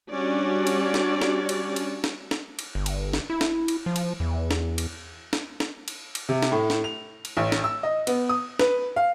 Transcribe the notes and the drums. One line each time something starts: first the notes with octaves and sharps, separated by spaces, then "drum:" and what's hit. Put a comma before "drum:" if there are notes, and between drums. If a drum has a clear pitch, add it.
G3 C#4 D4 F#4 D5
drum: cymbal
drum: snare
drum: snare
drum: cymbal
drum: cymbal
drum: snare
drum: snare
drum: cymbal
G1
drum: cymbal
drum: snare
E4
drum: snare
drum: cymbal
F3
drum: cymbal
E2
drum: snare
drum: cymbal
drum: snare
drum: snare
drum: cymbal
drum: cymbal
C3
drum: snare
A2
drum: snare
F7
drum: cymbal
A1
drum: snare
E6
D#5
B3, drum: cymbal
D#6
B4, drum: snare
F5